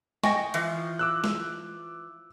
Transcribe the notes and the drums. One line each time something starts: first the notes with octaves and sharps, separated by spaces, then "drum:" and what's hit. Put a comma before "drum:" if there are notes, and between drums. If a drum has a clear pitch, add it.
D#5 G5 G#5 C#6 A#6, drum: snare
E3 F3, drum: cymbal
D6 E6 F#6
drum: snare